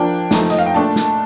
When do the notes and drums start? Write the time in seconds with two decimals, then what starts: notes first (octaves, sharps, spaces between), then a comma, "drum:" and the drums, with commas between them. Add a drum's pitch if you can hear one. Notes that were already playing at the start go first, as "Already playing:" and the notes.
Already playing: F3 A#3 D4 G5
0.31 F3 A3 D#4, drum: snare
0.50 D#5, drum: hi-hat
0.58 F5
0.66 G5
0.74 A#2 A3 D4 A5
0.96 drum: snare